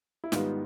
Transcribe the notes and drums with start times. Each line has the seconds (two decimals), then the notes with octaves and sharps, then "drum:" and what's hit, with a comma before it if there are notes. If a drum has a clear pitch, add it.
0.24 E4
0.32 G#2 D#3 G3 B3 F4, drum: snare